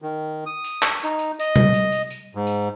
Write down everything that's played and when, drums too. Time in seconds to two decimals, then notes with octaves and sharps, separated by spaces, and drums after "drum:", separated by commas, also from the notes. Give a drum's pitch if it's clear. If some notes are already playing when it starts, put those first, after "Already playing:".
0.02 D#3
0.46 D#6
0.64 drum: tambourine
0.83 drum: clap
1.03 D#4, drum: tambourine
1.19 drum: tambourine
1.39 D#5, drum: tambourine
1.56 drum: tom
1.74 drum: tambourine
1.92 drum: tambourine
2.10 drum: tambourine
2.35 G#2
2.47 drum: tambourine